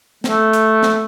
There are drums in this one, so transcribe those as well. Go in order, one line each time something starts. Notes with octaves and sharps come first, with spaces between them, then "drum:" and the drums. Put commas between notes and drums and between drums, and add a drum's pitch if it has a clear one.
A3, drum: snare
drum: hi-hat
drum: snare